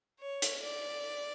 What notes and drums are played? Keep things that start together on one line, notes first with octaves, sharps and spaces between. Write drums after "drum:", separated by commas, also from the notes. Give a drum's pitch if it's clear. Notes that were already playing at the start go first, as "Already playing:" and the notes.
C#5
drum: hi-hat
D5